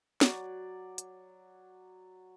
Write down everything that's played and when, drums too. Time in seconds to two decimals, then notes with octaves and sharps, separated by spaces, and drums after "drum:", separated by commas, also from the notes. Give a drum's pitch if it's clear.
0.21 F#3 D5, drum: snare
0.98 drum: hi-hat